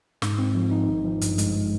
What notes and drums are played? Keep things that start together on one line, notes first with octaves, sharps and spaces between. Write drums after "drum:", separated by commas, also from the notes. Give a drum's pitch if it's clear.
G#2, drum: snare
C4
F3
D#4
G#1
F3
G2, drum: hi-hat
G#3, drum: hi-hat